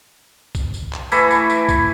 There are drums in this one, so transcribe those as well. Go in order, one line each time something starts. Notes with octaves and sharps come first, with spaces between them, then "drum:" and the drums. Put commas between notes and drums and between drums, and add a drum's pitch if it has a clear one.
drum: kick B1, tambourine
drum: tambourine
drum: clap
E3 A3 E4 B5, drum: tambourine
drum: tambourine
drum: tambourine
drum: kick B1, tambourine